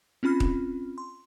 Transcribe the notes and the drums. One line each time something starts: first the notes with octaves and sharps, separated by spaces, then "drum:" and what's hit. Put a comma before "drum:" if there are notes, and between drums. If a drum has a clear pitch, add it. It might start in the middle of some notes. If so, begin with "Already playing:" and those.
C4 C#4 F4 B5 F6
drum: kick D#1
C6